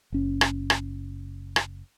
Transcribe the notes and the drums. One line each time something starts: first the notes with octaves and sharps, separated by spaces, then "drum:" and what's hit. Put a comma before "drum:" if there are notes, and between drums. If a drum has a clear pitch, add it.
F#1 C#4
drum: rim click
drum: rim click
drum: rim click